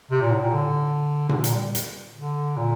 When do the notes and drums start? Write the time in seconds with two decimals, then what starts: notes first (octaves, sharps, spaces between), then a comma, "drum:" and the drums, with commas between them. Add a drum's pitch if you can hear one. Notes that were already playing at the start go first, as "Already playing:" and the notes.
0.11 C3
0.21 A#2
0.31 A2
0.42 A#2
0.52 D3
1.29 D3, drum: tom A#2
1.34 C3
1.44 A#2, drum: hi-hat
1.54 G3
1.75 drum: hi-hat
2.15 D3
2.56 A#2